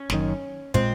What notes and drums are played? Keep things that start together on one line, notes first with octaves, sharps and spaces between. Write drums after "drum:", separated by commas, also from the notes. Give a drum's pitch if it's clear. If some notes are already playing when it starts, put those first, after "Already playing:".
Already playing: C#4
F#1 F#2 D#3, drum: snare
A#2 G#3 C4, drum: kick